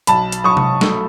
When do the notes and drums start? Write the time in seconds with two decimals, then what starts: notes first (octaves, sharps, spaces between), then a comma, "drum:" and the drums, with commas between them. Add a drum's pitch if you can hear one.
0.07 B1 A5 B5, drum: hi-hat
0.32 drum: hi-hat
0.44 F#3 C#6 D#6
0.57 drum: tom C3
0.81 A3, drum: snare